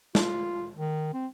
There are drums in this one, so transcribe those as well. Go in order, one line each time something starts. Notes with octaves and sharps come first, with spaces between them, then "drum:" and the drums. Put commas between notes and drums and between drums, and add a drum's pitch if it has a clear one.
F4, drum: snare
D#3
C4